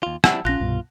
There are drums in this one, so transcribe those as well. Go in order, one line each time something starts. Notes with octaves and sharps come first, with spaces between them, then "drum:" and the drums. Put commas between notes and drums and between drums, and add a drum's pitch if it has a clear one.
D#2 F4
G3 C4 E4 F#5 A5 E6, drum: rim click
A#1 C#4 F4 F#6 A#6
C2 G2 B2